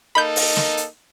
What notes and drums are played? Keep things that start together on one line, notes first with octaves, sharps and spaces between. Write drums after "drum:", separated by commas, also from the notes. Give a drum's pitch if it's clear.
A#3 D#4 A4 B5 G6
drum: open hi-hat
drum: snare
drum: hi-hat